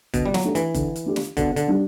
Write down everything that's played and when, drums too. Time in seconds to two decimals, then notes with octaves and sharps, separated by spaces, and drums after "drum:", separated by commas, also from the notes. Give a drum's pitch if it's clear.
0.14 B2 D3, drum: kick F#1, hi-hat
0.26 G3
0.34 F#3, drum: snare
0.44 A3 D4 G4
0.55 E3, drum: hi-hat
0.74 D3, drum: kick F#1, hi-hat
0.96 drum: hi-hat
1.06 A3 D4 G4
1.16 drum: snare
1.37 B2 D3, drum: kick F#1, hi-hat
1.56 D3, drum: hi-hat
1.68 G3 D4 G4